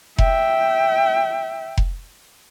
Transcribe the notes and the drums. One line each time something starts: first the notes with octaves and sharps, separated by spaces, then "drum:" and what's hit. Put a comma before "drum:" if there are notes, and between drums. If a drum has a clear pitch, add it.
E5 G5, drum: kick F1
drum: kick F1